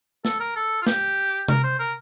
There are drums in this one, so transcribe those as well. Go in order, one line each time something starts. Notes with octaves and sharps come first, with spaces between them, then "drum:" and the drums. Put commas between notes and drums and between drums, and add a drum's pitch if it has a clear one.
A4, drum: snare
A#4
A4
F4
G4, drum: snare
A#4, drum: tom C3
C5
A#4